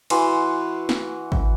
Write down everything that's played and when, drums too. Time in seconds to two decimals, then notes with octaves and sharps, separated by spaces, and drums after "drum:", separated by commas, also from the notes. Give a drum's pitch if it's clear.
0.10 E3 F#4 B4 C6, drum: cymbal
0.89 drum: snare
1.32 drum: kick